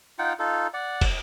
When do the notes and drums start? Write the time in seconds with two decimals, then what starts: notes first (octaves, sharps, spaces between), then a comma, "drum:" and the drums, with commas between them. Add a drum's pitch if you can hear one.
0.19 D#4 F4 F#5 G5
0.39 D#4 F4 A4
0.74 D5 F#5
1.01 drum: kick, cymbal